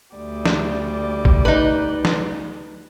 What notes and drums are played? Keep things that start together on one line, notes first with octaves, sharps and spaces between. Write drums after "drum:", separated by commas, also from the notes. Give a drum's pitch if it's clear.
D2 G3 D5
drum: snare
drum: kick
D#4 B4
drum: snare